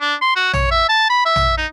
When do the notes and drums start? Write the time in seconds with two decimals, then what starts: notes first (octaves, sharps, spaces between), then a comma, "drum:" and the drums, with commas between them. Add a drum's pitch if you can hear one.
0.01 D4
0.21 C6
0.36 F#4
0.53 C#5, drum: tom A#1
0.71 E5
0.89 A5
1.10 B5
1.25 E5
1.36 drum: tom A#1
1.57 D#4